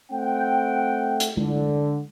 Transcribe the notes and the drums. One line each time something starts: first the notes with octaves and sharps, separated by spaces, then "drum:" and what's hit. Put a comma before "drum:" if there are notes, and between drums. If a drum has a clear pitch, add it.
A3 C4 F#5 G5
drum: hi-hat
D3, drum: tom G#3